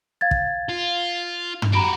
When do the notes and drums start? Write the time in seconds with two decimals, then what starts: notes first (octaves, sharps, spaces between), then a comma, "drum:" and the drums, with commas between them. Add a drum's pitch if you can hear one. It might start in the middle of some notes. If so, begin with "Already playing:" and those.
0.21 F5 G#6 A6
0.31 drum: kick
0.69 F4
1.62 drum: tom
1.73 F#4 G4 A#5 B5 D7